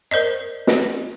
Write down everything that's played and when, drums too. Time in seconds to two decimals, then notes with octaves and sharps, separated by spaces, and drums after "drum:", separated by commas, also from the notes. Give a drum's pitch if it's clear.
0.11 A#4 C5 D5 D#5
0.67 drum: snare